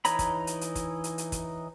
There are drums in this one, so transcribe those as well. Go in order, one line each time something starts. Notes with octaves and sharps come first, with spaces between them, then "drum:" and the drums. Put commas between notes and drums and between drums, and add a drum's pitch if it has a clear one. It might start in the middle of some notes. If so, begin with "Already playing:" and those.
E3 D#4 C#5 A#5 B5, drum: hi-hat
drum: kick, hi-hat
drum: hi-hat
drum: hi-hat
drum: kick, hi-hat
drum: hi-hat
drum: hi-hat
drum: kick, hi-hat